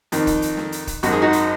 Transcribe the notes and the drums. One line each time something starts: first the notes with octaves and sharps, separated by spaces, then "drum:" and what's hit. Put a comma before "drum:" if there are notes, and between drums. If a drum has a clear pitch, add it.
F2 D#3, drum: hi-hat
drum: kick, hi-hat
drum: hi-hat
drum: snare
drum: hi-hat
drum: kick, hi-hat
G#1 F#2 D#3 F#4, drum: hi-hat
G#4
D#4 F#4
drum: hi-hat